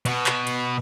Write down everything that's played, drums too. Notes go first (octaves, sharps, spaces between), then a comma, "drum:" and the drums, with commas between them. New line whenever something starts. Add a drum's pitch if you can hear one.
B2 B3, drum: cymbal
drum: clap
drum: cymbal